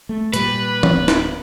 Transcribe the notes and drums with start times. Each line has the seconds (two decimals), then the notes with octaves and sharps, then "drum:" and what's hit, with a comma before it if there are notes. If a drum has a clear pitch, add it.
0.09 A3
0.34 A#2 G3 B4, drum: hi-hat
0.83 drum: tom E3
0.94 D1 B3
1.08 drum: snare